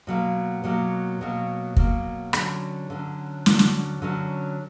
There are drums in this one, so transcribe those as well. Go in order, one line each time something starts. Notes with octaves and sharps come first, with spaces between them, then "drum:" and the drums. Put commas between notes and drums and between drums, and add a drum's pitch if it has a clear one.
B2 F#3 A#3
B2 F#3 A#3
B2 F#3 A#3
B2 F#3 A#3, drum: kick
D3 F#3 C#4, drum: rim click
D3 F#3 C#4
D3 F#3 C#4, drum: snare
drum: snare
D3 F#3 C#4